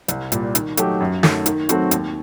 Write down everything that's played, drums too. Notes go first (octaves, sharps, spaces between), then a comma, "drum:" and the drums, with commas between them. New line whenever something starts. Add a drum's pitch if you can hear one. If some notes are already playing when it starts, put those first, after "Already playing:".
C2, drum: hi-hat
A#2 G3, drum: hi-hat
D#3, drum: hi-hat
F#3 A3 D#4 G4, drum: hi-hat
F#2
D#3 F#3 A3, drum: snare
D#3, drum: hi-hat
F#3 A3 C4 F#4, drum: hi-hat
D#2, drum: hi-hat